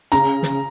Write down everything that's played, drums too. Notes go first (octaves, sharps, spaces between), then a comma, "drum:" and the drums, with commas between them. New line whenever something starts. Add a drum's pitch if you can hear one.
C#3 A#5, drum: hi-hat
drum: snare